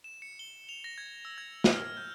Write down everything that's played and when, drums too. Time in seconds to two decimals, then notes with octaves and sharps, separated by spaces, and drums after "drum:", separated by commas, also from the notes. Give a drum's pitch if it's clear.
0.04 E7
0.22 C#7
0.39 G7
0.69 F7
0.84 A#6
0.98 G#6
1.25 E6
1.38 G#6
1.64 drum: snare
1.74 F6
1.97 G6